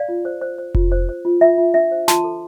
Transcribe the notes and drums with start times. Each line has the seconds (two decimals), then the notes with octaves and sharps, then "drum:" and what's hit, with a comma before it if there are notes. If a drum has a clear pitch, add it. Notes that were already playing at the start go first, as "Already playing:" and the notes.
Already playing: D5 F5
0.09 F4
0.25 C5
0.41 C5
0.58 C5
0.75 F4, drum: kick F1
0.92 C5
1.09 C5
1.25 F4
1.41 F4 E5
1.58 F4
1.74 D4 E5
1.91 C5
2.08 F4 A5 C6, drum: snare
2.24 A4